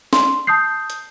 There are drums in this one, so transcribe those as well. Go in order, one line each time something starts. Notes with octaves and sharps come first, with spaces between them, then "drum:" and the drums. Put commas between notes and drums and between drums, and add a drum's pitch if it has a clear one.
C6, drum: snare
A5 D#6 G6 C7
drum: hi-hat